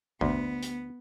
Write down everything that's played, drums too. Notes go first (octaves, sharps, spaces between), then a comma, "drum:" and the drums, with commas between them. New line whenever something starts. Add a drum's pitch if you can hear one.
D2 B3, drum: kick G#1
drum: hi-hat